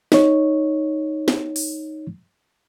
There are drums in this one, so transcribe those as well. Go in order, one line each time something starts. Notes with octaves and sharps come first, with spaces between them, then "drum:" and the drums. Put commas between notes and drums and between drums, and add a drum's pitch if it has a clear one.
D#4 C#5, drum: snare
drum: snare
drum: open hi-hat